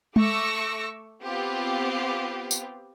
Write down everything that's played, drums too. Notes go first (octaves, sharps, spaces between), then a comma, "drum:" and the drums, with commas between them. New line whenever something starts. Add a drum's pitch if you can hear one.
A3 C#6 D6 E6 A#6, drum: tom G#3
B3 C4 F4 G4
drum: tambourine